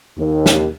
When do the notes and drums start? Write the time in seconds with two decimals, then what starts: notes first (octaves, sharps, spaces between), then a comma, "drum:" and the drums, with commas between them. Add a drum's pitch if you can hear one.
0.18 D#2
0.46 drum: snare